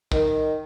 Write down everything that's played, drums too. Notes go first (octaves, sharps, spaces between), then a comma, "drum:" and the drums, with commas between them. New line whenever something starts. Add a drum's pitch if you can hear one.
D#3, drum: kick